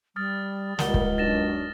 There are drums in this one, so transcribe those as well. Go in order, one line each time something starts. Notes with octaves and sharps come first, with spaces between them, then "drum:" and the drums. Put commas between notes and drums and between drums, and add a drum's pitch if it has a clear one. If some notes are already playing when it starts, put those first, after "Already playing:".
G3 D#6 F6 A6
C#2 A#2 G3 A#4 F#5 A6 G7, drum: snare
drum: kick
F#2 D4 D#4 F#4 A6 A#6 E7